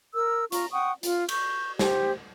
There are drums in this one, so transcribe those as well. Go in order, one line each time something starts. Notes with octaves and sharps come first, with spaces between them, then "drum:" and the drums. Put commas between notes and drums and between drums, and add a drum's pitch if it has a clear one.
A#4 E6
F4 A#5 C#6, drum: hi-hat
F#5 G5 C#6 D#6
F4, drum: hi-hat
C#6 G6, drum: cymbal
G4 C5, drum: snare